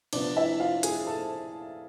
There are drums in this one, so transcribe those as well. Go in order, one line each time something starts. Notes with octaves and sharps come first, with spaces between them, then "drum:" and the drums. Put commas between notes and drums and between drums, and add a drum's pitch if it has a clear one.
C3 F3 B3 D4 D5, drum: cymbal
E4 E5
F4 F5
G#4 G#5, drum: hi-hat
A4 A5